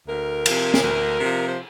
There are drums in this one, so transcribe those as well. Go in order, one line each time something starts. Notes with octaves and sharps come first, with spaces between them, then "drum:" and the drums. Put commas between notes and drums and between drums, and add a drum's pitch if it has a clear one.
D2 A#4
C3 F3, drum: cymbal
drum: snare
D2
C3 F3
C5